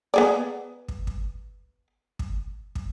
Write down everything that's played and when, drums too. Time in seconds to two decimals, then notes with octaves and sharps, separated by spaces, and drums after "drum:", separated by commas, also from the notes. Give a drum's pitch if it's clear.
0.14 B3 G#4 D5
0.88 drum: kick
1.07 drum: kick
2.19 drum: kick
2.75 drum: kick